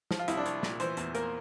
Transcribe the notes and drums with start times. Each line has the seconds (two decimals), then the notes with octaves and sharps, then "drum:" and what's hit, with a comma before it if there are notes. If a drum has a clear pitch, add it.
0.11 F3, drum: snare
0.19 F4
0.28 C2 E4, drum: hi-hat
0.37 D4
0.46 C2, drum: hi-hat
0.63 A#2, drum: snare
0.80 E3 C5, drum: hi-hat
0.97 E2, drum: hi-hat
1.15 A#3 A#4, drum: hi-hat